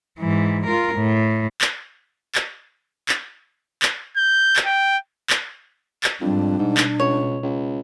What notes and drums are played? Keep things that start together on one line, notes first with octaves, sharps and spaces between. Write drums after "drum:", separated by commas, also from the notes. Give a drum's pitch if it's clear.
G#2 E3
F4 A#4
A2
drum: clap
drum: clap
drum: clap
drum: clap
G6
drum: clap
G5
drum: clap
drum: clap
F2 G#2 G3 D4
G#2 B2
drum: clap
C#2 C#5
C#2